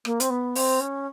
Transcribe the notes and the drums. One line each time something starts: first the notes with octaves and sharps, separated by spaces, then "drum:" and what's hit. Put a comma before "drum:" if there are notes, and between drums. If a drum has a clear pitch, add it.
A#3, drum: rim click
C4, drum: hi-hat
B3
C4, drum: open hi-hat
C#4